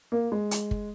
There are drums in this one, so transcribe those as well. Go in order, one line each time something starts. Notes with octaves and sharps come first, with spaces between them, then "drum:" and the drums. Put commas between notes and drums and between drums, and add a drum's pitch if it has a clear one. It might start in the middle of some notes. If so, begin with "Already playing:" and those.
A#3
G#3
drum: hi-hat
drum: kick